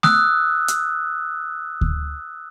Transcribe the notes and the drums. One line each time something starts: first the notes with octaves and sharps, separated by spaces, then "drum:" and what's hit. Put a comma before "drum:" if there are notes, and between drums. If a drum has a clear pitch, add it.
D#6 E6 F#6, drum: snare A3
drum: hi-hat
drum: kick D2